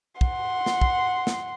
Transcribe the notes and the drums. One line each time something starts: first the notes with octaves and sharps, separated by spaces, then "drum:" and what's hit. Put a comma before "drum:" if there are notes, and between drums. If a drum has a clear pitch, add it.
F#5 C6, drum: kick
drum: snare
drum: kick
drum: snare